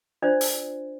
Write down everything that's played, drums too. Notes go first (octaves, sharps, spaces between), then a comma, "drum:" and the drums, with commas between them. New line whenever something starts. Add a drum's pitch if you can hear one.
D4 F4 C5 D5
drum: open hi-hat